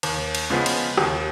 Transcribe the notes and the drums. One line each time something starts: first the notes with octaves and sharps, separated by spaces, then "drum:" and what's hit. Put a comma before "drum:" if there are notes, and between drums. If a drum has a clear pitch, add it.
D#2, drum: cymbal
drum: cymbal
C#3 F3 G#3 B3
drum: cymbal
D#2, drum: rim click